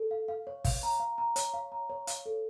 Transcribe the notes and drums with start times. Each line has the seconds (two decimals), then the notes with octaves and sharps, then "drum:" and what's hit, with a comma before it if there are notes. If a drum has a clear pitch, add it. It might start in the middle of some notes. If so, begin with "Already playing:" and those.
Already playing: A4
0.11 F5
0.28 F5
0.47 C#5
0.65 F5, drum: kick, open hi-hat
0.83 A#5
1.00 F5
1.18 A#5
1.36 C#5, drum: hi-hat
1.54 F5
1.72 A#5
1.90 C#5
2.07 F5, drum: hi-hat
2.26 A4